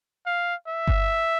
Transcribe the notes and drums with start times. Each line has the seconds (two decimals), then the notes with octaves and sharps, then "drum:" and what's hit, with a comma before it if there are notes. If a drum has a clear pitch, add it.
0.26 F5
0.68 E5
0.87 drum: kick G1